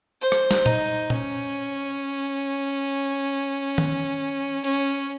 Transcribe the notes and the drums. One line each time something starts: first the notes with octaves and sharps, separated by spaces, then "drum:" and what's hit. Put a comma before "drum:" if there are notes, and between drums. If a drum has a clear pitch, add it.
C5
drum: rim click
drum: snare
D#4, drum: tom A#2
C#4, drum: tom A#2
drum: tom D#3
C#4, drum: hi-hat